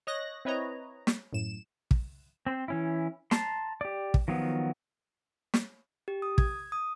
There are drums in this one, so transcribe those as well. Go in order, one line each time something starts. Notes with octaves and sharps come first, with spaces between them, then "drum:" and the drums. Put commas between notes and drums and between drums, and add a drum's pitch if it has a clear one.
C#5 D#5 F#6 A#6
C4 E4 B4 C#5 D#5 A#5
drum: snare
F#2 A2 E7
drum: kick
C4 C5
E3 C#4 E4
A5 A#5 C6, drum: snare
G4 D5
drum: kick
D#3 F3 F#3 B3
drum: snare
G4
D#6
G#6, drum: kick
D#6